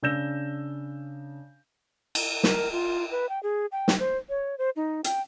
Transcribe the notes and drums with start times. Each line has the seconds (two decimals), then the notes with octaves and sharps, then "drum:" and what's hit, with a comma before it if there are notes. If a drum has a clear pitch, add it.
0.02 C#3 D4 E6 G6 A#6 E7
2.15 drum: cymbal
2.44 A#4, drum: snare
2.72 F4
3.11 B4
3.29 G5
3.43 G#4
3.72 G5
3.88 drum: snare
3.99 C5
4.29 C#5
4.58 C5
4.76 D#4
5.04 G5, drum: hi-hat